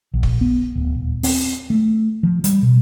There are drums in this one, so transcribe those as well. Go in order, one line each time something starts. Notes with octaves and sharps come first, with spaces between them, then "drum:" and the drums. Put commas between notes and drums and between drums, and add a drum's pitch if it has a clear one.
A#1
drum: kick
B3
D1
D#1
C4, drum: open hi-hat
A3
F3
G3, drum: hi-hat
B2